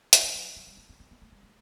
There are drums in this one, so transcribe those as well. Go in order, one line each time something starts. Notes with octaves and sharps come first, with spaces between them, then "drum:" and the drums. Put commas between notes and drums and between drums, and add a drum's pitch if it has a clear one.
D#3, drum: hi-hat
E3
F#3
F#3
G3
A3
C4
C4
B3
A3
G3
A3